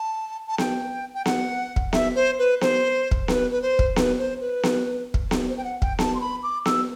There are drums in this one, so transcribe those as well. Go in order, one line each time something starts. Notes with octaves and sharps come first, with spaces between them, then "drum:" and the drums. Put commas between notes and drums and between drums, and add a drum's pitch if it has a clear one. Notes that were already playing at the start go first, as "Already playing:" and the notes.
Already playing: A5
A5
G5, drum: snare B3
G5
F#5, drum: snare B3
drum: kick
E5, drum: snare B3
C5
B4
C5, drum: snare B3
drum: kick
B4, drum: snare B3
B4
C5
drum: kick
B4, drum: snare B3
C5
B4
drum: snare B3
drum: kick
drum: snare B3
C5
G5
F#5
G5, drum: kick
A5, drum: snare B3
C6
B5
D6
E6, drum: snare B3